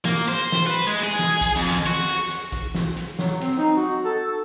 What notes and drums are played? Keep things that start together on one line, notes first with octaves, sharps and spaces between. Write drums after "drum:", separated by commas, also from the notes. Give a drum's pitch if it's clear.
A#3, drum: snare
C5, drum: hi-hat
drum: snare
B4
G#3
G#4
drum: snare
drum: kick, hi-hat
F2
F#4, drum: hi-hat
drum: hi-hat
drum: hi-hat
drum: kick, hi-hat
drum: snare
drum: hi-hat
F#3, drum: snare
C4, drum: hi-hat
D#4
F#4
A4
A4